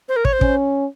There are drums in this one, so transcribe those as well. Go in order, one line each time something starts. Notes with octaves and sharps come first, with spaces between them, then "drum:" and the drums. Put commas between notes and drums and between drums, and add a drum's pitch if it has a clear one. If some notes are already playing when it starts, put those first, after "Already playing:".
C5
A#4
C#5, drum: kick
C5
C#4, drum: kick